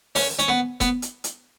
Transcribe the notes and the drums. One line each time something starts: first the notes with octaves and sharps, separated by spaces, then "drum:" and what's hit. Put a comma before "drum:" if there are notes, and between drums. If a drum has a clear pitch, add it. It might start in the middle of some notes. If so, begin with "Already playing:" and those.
C#4, drum: open hi-hat
C#4, drum: hi-hat
B3
B3, drum: kick F1, hi-hat
drum: hi-hat
drum: hi-hat